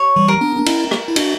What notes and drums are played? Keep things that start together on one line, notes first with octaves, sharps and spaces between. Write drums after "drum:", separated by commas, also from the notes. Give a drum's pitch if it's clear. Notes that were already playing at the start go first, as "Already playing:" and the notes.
Already playing: C#5
E3 G3
A#4
B3 D4
D4
C#4 E4, drum: cymbal
drum: rim click
E4
D4 F#4, drum: cymbal